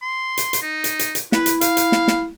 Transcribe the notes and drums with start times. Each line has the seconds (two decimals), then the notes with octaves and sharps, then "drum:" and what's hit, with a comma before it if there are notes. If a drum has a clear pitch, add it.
0.02 C6
0.38 drum: hi-hat
0.53 drum: hi-hat
0.62 D#4
0.84 drum: hi-hat
0.99 drum: hi-hat
1.15 drum: hi-hat
1.32 E4 B4, drum: snare
1.46 drum: hi-hat
1.61 F5, drum: hi-hat
1.77 drum: hi-hat
1.92 drum: snare
2.08 drum: snare